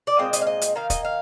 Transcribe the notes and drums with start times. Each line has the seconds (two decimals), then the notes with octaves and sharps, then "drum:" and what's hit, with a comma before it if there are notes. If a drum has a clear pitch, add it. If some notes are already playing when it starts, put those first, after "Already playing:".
0.07 D5
0.18 A#2 G#3 C4 D#5
0.33 D#5, drum: hi-hat
0.42 F5
0.47 D#5
0.61 drum: hi-hat
0.76 D#3 A#3 F5
0.90 D#5, drum: kick, hi-hat
1.05 F5